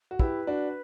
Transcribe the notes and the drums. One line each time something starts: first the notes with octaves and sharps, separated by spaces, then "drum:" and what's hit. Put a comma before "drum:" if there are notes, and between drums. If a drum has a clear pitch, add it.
F#4
E4 G4 B4, drum: kick
D4 F#4